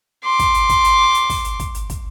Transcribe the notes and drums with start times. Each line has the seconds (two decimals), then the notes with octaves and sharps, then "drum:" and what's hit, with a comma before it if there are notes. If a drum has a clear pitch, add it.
0.24 C6 D6
0.39 drum: kick, hi-hat
0.54 drum: hi-hat
0.69 drum: kick, hi-hat
0.84 drum: hi-hat
1.14 drum: hi-hat
1.30 drum: kick, open hi-hat
1.45 drum: hi-hat
1.60 drum: kick, hi-hat
1.75 drum: hi-hat
1.90 drum: kick, hi-hat